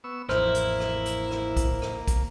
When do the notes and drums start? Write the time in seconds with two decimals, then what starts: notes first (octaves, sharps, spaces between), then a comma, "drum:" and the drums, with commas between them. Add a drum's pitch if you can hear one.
0.04 B3 C#6 E6
0.29 A1 F2 A#3 E4 C5 F6, drum: rim click
0.55 drum: hi-hat
0.80 drum: rim click
1.06 drum: hi-hat
1.31 drum: rim click
1.57 drum: kick, hi-hat
1.82 drum: rim click
2.08 drum: kick, hi-hat